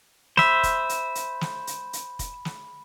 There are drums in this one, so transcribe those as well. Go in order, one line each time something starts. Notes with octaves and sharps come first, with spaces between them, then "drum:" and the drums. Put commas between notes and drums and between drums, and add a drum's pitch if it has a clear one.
C5 E5 B5, drum: snare
drum: kick F1, hi-hat
drum: hi-hat
drum: hi-hat
drum: snare
drum: hi-hat
drum: hi-hat
drum: kick F1, hi-hat
drum: snare